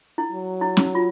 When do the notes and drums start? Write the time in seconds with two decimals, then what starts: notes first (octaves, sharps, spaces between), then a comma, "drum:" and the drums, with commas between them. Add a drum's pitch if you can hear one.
0.18 E4
0.32 F#3
0.61 E4
0.77 drum: snare
0.95 F4